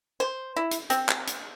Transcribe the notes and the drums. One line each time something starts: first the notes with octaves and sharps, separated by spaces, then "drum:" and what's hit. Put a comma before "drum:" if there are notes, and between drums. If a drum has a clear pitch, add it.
C5
E4
drum: hi-hat
C4, drum: hi-hat
drum: clap
drum: hi-hat